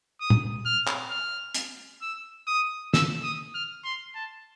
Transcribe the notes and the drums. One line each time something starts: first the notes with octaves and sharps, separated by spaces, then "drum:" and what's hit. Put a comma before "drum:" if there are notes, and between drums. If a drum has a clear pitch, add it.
D#6
drum: tom
F6
drum: clap
F6
drum: hi-hat
E6
D#6
E6, drum: snare
D#6
F6
C6
A5